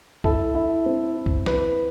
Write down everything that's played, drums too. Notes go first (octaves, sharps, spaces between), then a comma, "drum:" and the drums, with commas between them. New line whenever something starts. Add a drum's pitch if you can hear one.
E4 A4, drum: kick C2
E4
C4
E4
drum: kick C2
E4 B4, drum: snare